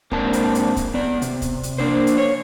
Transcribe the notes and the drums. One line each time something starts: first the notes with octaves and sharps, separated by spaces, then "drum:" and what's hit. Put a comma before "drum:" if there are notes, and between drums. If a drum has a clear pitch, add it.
G#2 A#3 C4 D4 A5, drum: kick
drum: hi-hat
drum: hi-hat
drum: kick, hi-hat
B3 D5
C3, drum: hi-hat
drum: kick, hi-hat
drum: hi-hat
A#3 D4 C5
drum: hi-hat
C#5